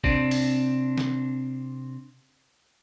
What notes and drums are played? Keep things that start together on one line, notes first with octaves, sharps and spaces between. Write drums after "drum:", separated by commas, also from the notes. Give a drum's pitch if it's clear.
C3 C4 D4, drum: kick
drum: open hi-hat
drum: snare